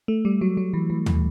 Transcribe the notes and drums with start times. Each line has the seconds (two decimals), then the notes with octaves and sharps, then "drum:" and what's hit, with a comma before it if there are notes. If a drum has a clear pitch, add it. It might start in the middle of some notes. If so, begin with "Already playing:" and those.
0.08 A3
0.25 G3
0.41 F#3
0.57 F#3
0.73 E3
0.90 E3
1.06 E3, drum: tom